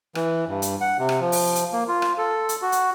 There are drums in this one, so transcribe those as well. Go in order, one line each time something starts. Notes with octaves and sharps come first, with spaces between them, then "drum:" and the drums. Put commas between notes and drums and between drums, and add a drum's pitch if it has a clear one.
E3, drum: rim click
G2
drum: hi-hat
F#5
C3
drum: rim click
F3
drum: open hi-hat
drum: hi-hat
A#3
F4
drum: rim click
A4
drum: hi-hat
F#4
drum: hi-hat